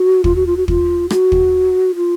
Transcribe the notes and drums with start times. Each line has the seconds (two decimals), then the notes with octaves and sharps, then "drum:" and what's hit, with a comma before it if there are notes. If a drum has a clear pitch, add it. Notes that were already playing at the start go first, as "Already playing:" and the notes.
Already playing: F#4
0.24 F4, drum: kick
0.36 F#4
0.47 F4
0.57 F#4
0.68 F4, drum: kick
1.10 F#4, drum: rim click
1.32 drum: kick
1.96 F4